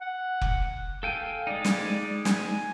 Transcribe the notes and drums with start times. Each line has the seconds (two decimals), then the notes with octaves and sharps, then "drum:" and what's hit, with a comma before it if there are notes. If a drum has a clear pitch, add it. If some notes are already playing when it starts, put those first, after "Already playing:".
0.01 F#5
0.41 drum: kick F1
1.03 A4 F5 G5 G#5
1.47 G#3 D#4 D5
1.65 drum: snare
2.25 G#5, drum: snare